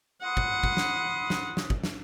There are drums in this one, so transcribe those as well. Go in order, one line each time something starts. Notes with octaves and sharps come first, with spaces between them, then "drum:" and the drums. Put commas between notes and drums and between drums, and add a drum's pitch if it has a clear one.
F#5 B5 C6 D#6
drum: kick
drum: kick
drum: snare
drum: snare
drum: snare
drum: kick
drum: snare